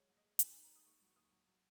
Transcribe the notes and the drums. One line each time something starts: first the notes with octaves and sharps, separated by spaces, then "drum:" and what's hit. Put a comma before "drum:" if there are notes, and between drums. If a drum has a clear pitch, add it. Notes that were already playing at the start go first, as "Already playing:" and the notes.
Already playing: F#3 G#3 C#5
A#1
D#5
G#3
G#2 G#5, drum: hi-hat
G#2 G#5
A#5
G#3
D#6
D#2 C#6
F#3
C#6
D#2 D#6
C#6
F#3
F#3